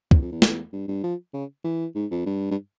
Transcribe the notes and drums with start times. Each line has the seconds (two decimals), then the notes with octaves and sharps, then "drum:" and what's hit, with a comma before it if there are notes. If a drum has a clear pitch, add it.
0.11 E2, drum: kick
0.22 F2
0.31 E2
0.42 drum: snare
0.73 G2
0.88 G2
1.04 F3
1.34 C#3
1.64 E3
1.95 G#2
2.11 F2
2.26 G2
2.51 G2